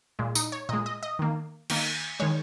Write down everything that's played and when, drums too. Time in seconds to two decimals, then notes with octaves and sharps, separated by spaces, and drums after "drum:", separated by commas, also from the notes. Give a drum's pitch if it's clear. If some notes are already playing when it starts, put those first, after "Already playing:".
0.19 A#2 G#3
0.35 D#4, drum: tambourine
0.52 C#5
0.69 A#2 G#3 D#5
0.86 D#5
1.03 D#5
1.19 D#3 A#3
1.70 D#3 A#3, drum: cymbal
2.20 D#3 G#3 C#5